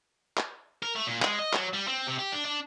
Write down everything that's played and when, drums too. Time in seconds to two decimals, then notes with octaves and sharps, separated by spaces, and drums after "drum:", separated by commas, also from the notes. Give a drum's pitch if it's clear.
0.37 drum: clap
0.83 A#4
0.96 A3
1.07 A#2
1.22 G#3, drum: clap
1.39 D#5
1.53 F#3, drum: clap
1.73 G3
1.87 C4
2.07 C3
2.19 G4
2.32 D4
2.46 D4